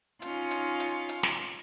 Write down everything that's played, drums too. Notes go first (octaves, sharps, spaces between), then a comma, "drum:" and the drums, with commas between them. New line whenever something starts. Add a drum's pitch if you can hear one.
C#4 D#4 F4, drum: hi-hat
drum: hi-hat
drum: hi-hat
drum: hi-hat
drum: snare